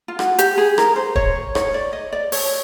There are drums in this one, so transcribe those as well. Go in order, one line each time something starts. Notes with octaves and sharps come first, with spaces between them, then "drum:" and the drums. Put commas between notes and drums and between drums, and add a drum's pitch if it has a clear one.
F4
F#4, drum: rim click
G4, drum: hi-hat
G#4
A#4, drum: rim click
C5
C#5, drum: kick
C#5, drum: rim click
D5
D#5
D5
C#5, drum: open hi-hat